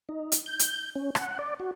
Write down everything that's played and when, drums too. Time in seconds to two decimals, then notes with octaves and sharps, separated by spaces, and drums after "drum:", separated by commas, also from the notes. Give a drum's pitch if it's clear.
0.09 D#4
0.32 drum: hi-hat
0.46 G6
0.59 drum: hi-hat
0.95 C#4
1.15 F#5, drum: rim click
1.39 D5
1.60 F#4